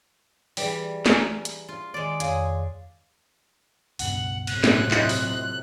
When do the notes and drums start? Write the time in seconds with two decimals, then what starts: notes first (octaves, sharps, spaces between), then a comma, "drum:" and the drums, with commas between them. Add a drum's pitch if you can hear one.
0.57 E3 G3 G#4 B4 G5, drum: open hi-hat
1.06 G#5 A#5, drum: snare
1.45 drum: hi-hat
1.69 F4
1.94 D#3 G#3 D5
2.20 F2 G#4 C#5 F5, drum: hi-hat
3.99 C#2 G2 B2 F#5, drum: open hi-hat
4.47 A2 C3 F#3 F#6, drum: cymbal
4.64 drum: snare
4.91 E4 F4 D#5, drum: clap
5.09 drum: open hi-hat